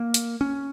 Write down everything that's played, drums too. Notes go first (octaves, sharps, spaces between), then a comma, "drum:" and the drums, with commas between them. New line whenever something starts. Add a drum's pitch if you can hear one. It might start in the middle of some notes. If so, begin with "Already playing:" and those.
Already playing: A#3
drum: hi-hat
C#4